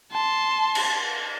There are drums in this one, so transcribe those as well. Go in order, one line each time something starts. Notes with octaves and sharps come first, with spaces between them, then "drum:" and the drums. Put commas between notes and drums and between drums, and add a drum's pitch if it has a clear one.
A5 C6
drum: cymbal